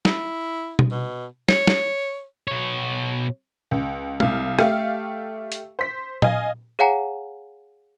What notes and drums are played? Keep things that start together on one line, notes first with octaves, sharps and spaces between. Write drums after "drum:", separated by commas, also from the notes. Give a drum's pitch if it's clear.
E4, drum: snare
drum: tom B2
B2
C#5, drum: snare
drum: snare
B2 C#5
C#2
C2 F5, drum: tom G#3
A3 G4 F5, drum: rim click
drum: hi-hat
C5 B6
D#5 F5 G#5, drum: tom A#2
G#4 C#5 F5 F#5 G#5 A#5